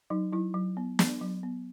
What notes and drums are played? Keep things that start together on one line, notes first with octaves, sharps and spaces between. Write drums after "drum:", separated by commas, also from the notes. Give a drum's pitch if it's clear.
F#3 D#4
F#3 E4
F#3
B3
B3, drum: snare
F#3
B3